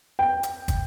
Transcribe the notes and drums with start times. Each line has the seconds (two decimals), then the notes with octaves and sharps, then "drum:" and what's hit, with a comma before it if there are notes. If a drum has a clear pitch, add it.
0.19 G5
0.43 drum: hi-hat
0.68 drum: kick, hi-hat